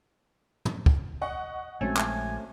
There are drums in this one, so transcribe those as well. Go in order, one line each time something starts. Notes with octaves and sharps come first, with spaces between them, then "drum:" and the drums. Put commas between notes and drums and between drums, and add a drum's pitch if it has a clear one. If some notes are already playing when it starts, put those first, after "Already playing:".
drum: tom
drum: kick
D#5 F#5 C#6
A#1 F#3 G#3 A3 C4 C#4 G#5
drum: clap